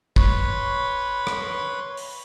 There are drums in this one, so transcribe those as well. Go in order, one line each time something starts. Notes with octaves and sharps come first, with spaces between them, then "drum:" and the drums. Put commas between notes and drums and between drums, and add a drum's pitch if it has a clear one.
B4 C#5 B5 C6, drum: kick
drum: rim click
drum: open hi-hat